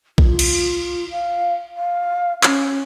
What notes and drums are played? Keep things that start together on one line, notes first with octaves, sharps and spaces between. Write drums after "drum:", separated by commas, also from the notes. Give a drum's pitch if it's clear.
F4, drum: kick A#1
drum: cymbal
F5
F5
C#4, drum: clap